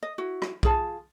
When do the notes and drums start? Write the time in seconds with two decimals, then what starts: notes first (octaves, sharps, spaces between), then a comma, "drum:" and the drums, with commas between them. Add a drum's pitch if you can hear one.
0.03 D#5
0.18 E4 F#4
0.42 drum: rim click
0.63 F4 G#4 A5, drum: kick